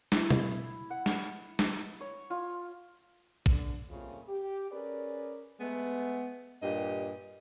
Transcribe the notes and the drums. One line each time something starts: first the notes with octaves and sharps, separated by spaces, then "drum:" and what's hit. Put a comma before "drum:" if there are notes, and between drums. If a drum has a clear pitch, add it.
E4, drum: snare
drum: tom
F#5
drum: snare
drum: snare
C#5
F4
D3, drum: kick A#1
A#2 C#3 G3 A3 C4 F4
G4
C#4 G#4 A#4 B4 D5
G#3 A3 B3
G2 A#2 G4 D#5